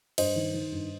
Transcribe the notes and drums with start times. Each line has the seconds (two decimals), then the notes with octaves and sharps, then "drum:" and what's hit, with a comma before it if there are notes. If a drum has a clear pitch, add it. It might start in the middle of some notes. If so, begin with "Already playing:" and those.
0.18 G2 C5 D#5, drum: cymbal
0.36 D#3
0.54 D#3
0.72 G2